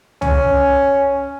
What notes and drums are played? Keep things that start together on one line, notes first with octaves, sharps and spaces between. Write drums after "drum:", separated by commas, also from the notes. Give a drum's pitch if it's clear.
C#4, drum: tom